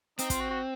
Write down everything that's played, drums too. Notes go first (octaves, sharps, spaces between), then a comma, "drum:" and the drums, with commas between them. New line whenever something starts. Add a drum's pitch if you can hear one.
C4 D#4, drum: hi-hat
F4, drum: kick, hi-hat
F#4
F#4